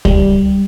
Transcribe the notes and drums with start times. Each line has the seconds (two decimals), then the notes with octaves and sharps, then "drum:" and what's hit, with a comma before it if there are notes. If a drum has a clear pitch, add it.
0.05 G3, drum: kick